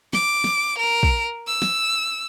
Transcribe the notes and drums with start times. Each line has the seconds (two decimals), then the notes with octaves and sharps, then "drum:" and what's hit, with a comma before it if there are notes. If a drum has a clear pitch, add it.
0.13 D6, drum: snare
0.44 drum: snare
0.79 A#4
1.03 drum: kick
1.47 E6
1.62 drum: snare